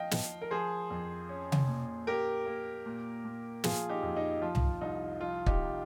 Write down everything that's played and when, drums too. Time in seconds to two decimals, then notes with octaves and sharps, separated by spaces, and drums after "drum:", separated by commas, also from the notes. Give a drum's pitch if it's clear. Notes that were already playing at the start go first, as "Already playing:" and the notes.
Already playing: F3 D#5 F5 G5
0.12 F3, drum: snare
0.42 A#4
0.51 F3 G#4 C5
0.91 F2
1.29 C#4
1.52 drum: tom C3
1.68 A#2
2.07 A#3 G4 A#4
2.46 A#3
2.86 A#2
3.25 A#2
3.64 F3 F4 G#4, drum: snare
3.89 D#4 G4
4.03 F2
4.16 D#4
4.42 F3 F4
4.55 drum: tom C2
4.81 C2 D#4
5.20 F3 F4
5.46 D#4 G4, drum: kick
5.59 C3